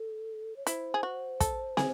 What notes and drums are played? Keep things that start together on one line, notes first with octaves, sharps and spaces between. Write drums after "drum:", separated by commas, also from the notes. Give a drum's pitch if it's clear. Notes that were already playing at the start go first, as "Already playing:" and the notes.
Already playing: A4
C#5
E4 C5, drum: hi-hat
G#4
F#4
A4, drum: kick, hi-hat
G#4, drum: snare